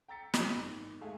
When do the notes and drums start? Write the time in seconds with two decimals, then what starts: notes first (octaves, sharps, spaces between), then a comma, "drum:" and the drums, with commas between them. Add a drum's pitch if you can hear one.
0.08 G5 A#5 E6 A6 B6 C#7
0.34 F3 G4, drum: snare
0.56 G#1
1.01 G#3 A3 A4 E5 F5 G#5